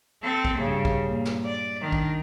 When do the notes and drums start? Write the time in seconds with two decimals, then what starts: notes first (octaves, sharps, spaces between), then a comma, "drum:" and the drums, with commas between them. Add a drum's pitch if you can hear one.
0.23 C4 A4
0.45 drum: kick
0.58 G2 C#3
0.85 drum: kick
1.07 A#2
1.25 drum: snare
1.45 D5
1.81 D#3 D4
1.92 drum: kick